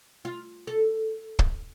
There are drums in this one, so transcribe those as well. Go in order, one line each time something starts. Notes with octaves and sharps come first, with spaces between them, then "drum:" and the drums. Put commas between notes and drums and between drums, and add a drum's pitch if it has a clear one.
F4
A4
drum: kick